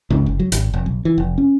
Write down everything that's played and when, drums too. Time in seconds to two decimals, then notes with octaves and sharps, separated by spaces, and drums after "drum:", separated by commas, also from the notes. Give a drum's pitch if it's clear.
0.10 C#2, drum: tom F#2
0.26 F#1
0.40 F#3
0.52 G#1, drum: hi-hat
0.73 F1
0.86 B1
1.05 E3
1.18 F1
1.38 C#4